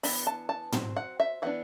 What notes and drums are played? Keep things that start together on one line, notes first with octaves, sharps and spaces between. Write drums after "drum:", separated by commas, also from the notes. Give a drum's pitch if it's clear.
E3 B3 D4 B5, drum: open hi-hat
A5
A5
F#3 C4, drum: tom
F#5
E5
E3 B3 D4 F#5